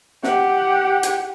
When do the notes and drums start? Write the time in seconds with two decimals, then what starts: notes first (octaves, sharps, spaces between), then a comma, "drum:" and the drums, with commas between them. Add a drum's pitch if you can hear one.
0.23 G4 F#5, drum: snare
1.03 drum: hi-hat